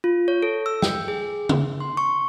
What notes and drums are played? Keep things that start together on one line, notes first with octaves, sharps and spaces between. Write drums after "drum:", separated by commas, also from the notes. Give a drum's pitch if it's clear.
F4
C#5
A4
E6
G5, drum: snare
G#4
drum: tom C#3
C6
C#6